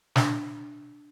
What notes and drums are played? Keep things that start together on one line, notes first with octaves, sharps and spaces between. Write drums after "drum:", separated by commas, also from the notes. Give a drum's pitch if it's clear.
D4, drum: snare